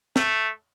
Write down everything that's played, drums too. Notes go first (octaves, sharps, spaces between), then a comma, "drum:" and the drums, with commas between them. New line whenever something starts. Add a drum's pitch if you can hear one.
A3, drum: snare